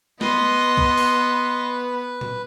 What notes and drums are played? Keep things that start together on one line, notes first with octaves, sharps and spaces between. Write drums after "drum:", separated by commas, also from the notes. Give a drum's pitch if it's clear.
B3 B4 D#5 C6, drum: snare
drum: kick
drum: open hi-hat
drum: tom A#2